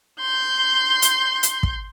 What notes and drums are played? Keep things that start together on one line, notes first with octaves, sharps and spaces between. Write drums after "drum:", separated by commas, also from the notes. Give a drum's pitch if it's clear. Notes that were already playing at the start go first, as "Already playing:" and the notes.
C6 G6
drum: hi-hat
drum: hi-hat
drum: kick